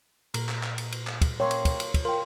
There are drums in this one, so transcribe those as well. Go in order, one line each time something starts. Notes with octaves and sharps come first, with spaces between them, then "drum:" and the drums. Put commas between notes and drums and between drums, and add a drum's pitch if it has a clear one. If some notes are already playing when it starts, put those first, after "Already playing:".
A#2 A#4, drum: cymbal
drum: clap
drum: clap
drum: cymbal
drum: cymbal
drum: clap
drum: kick, cymbal
A#3 C4 C#4 C#5 G5
drum: cymbal
drum: kick, cymbal
drum: cymbal
drum: kick, cymbal
F4 A#4 G5